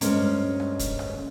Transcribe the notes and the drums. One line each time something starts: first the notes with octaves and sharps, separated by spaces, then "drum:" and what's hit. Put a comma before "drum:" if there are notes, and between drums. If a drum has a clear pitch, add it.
D2 G2 G#3 A#3 C#4, drum: hi-hat
drum: rim click
drum: kick, hi-hat
drum: rim click